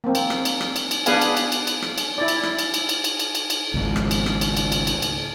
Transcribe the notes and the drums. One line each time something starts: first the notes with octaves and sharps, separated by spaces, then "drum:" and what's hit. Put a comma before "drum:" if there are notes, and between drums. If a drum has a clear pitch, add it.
A#3 C4
drum: cymbal
drum: rim click
drum: cymbal
drum: rim click
drum: cymbal
drum: cymbal
B3 D4 G#4 B4 F5 G#5, drum: cymbal
drum: cymbal
drum: cymbal
drum: cymbal
drum: cymbal
drum: rim click
drum: cymbal
E4 D5
drum: cymbal
drum: rim click
drum: cymbal
drum: cymbal
drum: cymbal
drum: cymbal
drum: cymbal
drum: cymbal
drum: cymbal
G#1 C#2
drum: rim click
drum: cymbal
drum: rim click
drum: cymbal
drum: cymbal
drum: cymbal
drum: cymbal
drum: cymbal